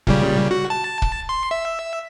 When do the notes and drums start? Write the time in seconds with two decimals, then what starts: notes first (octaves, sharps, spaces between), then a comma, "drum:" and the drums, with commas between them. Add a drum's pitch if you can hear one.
0.07 A#2 C#3 G3, drum: kick
0.51 F#4
0.70 A5
1.02 drum: kick
1.29 C6
1.51 E5